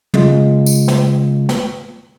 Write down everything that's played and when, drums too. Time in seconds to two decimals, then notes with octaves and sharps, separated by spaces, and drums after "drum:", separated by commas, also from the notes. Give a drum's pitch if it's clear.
0.14 C#3 G#3 F4, drum: tom
0.66 drum: tambourine
0.88 drum: snare
1.49 drum: snare